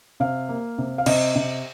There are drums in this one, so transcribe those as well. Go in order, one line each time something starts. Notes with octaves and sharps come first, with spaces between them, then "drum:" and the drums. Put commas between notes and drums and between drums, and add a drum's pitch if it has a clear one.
C3 F5
A#3
C3
F5
C3 D#5, drum: cymbal
C3